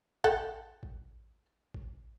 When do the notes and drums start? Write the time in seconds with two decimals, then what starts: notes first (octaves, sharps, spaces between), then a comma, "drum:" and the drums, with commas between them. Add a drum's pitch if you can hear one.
0.24 A4 F#5 G5, drum: kick A1
0.83 drum: kick A1
1.74 drum: kick A1